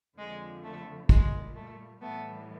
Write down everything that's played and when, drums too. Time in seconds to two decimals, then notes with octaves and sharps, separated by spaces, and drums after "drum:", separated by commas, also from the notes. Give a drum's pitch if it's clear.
0.17 F2 D3 F3 G#3
0.63 A3
1.09 A#2 G3 G#3, drum: kick
1.55 A3
2.01 A2 E3 G3 A3 B3